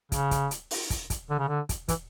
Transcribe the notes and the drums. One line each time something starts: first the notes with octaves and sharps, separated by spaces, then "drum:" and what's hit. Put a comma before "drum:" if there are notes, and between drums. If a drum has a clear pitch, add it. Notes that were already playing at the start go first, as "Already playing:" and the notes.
C#3, drum: kick, hi-hat
drum: kick, hi-hat
drum: hi-hat
drum: open hi-hat
drum: kick, hi-hat
drum: kick, hi-hat
D3
C#3
D3
drum: kick, hi-hat
E3, drum: kick, hi-hat